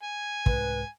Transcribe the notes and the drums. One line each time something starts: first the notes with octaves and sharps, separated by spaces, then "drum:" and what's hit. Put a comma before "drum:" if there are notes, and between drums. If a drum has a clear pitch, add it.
G#5
C2 G#2 B4, drum: kick